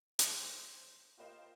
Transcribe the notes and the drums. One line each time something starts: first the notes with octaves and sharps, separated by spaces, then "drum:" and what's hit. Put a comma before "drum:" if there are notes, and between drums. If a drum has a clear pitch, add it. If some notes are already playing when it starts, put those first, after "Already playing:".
C5, drum: hi-hat
F4 G4 A#4 C5 D#5 F5